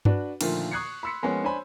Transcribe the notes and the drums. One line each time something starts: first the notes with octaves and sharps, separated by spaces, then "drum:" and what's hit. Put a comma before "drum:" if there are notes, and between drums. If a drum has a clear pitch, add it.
D4 F#4 B4, drum: tom G2
A#2 D3 D#3 F3 A3 F4, drum: cymbal
C#6 D#6 F#6 G#6 C7 C#7
B5 C6 E6 B6 C#7
F3 G#3 A#3 B3 C#4
D4 C5 C#5 G#5 B5